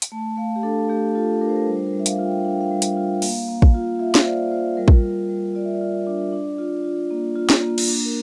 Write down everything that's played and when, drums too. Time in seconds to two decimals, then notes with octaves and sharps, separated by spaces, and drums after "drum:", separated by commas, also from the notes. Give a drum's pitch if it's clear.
0.02 drum: hi-hat
0.12 A3 A5
0.37 A3 F5
0.56 G4
0.63 D4 A4
0.89 A3 G4
1.15 F4 A4
1.41 D4 A#4
1.49 C5
1.56 A#4
1.66 G3 C5
1.77 C5
1.86 A#4
1.93 G3
1.99 E5
2.06 F5, drum: hi-hat
2.19 F4
2.25 G5
2.45 D4 F5
2.53 G5
2.61 F5
2.71 G3
2.82 drum: hi-hat
2.97 F4
3.22 A#3, drum: open hi-hat
3.48 A#3
3.62 drum: kick
3.74 F4
3.99 F4 E5
4.07 F5
4.15 E5, drum: snare
4.21 C5
4.25 F4 D5
4.52 F4 C5
4.77 G3 A#4
4.88 drum: kick
5.03 F4
5.29 G3
5.55 F4 D5
5.65 E5
5.75 D5
5.81 F4
6.07 D4
6.33 D4
6.58 F4
6.84 F4
7.10 A#3
7.35 F4
7.50 drum: snare
7.62 A#3
7.78 drum: cymbal
7.88 D4
8.05 A#4